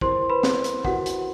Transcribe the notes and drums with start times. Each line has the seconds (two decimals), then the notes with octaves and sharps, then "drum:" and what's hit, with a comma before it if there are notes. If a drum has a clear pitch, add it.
0.01 E4 G4 A#4 C5 C6, drum: kick
0.30 B4 B5
0.43 drum: snare
0.64 drum: hi-hat
0.85 E4 F#4 G4 A#4 F#5, drum: kick
1.06 drum: hi-hat